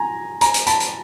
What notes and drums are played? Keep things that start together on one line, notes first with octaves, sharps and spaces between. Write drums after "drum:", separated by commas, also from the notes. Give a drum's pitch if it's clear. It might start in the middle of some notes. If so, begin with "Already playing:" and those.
Already playing: G#5 A#5
G#5 A#5, drum: hi-hat
drum: hi-hat
A5 B5, drum: hi-hat
drum: hi-hat